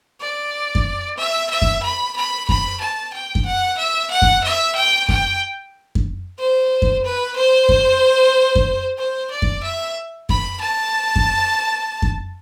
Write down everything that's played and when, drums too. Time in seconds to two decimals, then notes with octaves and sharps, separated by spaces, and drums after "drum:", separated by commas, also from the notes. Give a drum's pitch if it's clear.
0.21 D5
0.75 drum: kick F#2
1.18 E5
1.50 E5
1.62 drum: kick F#2
1.83 B5
2.16 B5
2.49 B5, drum: kick F#2
2.81 A5
3.13 G5
3.35 drum: kick F#2
3.46 F#5
3.78 E5
4.11 F#5
4.22 drum: kick F#2
4.44 E5
4.76 G5
5.09 G5, drum: kick F#2
5.95 drum: kick F#2
6.39 C5
6.82 drum: kick F#2
7.04 B4
7.36 C5
7.69 drum: kick F#2
8.55 drum: kick F#2
8.98 C5
9.31 D5
9.42 drum: kick F#2
9.63 E5
10.29 B5, drum: kick F#2
10.61 A5
11.16 drum: kick F#2
12.02 drum: kick F#2